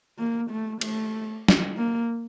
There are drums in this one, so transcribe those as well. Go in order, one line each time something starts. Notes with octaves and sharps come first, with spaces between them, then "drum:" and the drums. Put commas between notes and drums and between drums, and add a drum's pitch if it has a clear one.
A#3
A3
A3, drum: cymbal
drum: snare
A#3